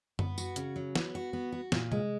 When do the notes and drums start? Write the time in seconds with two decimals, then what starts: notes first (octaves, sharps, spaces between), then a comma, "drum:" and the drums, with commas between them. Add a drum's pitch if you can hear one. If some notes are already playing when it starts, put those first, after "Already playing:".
0.19 B3, drum: tom F#2
0.38 F#4, drum: tambourine
0.56 C#3, drum: hi-hat
0.76 F#3
0.96 B3, drum: snare
1.15 F#4
1.33 B3
1.52 F#4
1.72 A#2, drum: snare
1.92 G#3, drum: tom C3